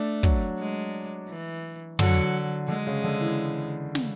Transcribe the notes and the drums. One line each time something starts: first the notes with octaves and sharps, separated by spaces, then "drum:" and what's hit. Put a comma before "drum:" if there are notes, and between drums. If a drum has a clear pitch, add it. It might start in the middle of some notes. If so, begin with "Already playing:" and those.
Already playing: A3 D4
F#3, drum: kick
G#3
E3
D3 F#3, drum: tom
D3 G#3
C#3
D3
E3
drum: snare